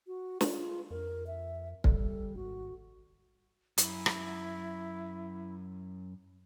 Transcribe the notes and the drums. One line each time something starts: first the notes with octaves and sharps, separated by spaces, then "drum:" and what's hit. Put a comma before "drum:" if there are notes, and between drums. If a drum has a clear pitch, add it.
F#4
G#3 F4, drum: snare
F2 A#4
E5
G3 A4, drum: kick
G#1 F#4
F#2 E4, drum: hi-hat
drum: rim click